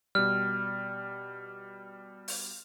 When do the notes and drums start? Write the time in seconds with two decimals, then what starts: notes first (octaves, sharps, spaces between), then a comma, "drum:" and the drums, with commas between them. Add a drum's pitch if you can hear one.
0.15 B2 G3 F6
2.28 drum: open hi-hat